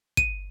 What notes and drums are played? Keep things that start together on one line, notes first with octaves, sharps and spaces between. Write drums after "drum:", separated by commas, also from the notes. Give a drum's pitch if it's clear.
D#7, drum: kick